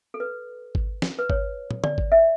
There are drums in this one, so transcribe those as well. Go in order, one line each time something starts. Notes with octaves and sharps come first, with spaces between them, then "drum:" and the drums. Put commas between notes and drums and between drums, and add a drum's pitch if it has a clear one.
A4
B4
drum: kick G#1
drum: snare
B4
C#5, drum: kick G#1
drum: tom
D5, drum: tom D3
drum: kick G#1
E5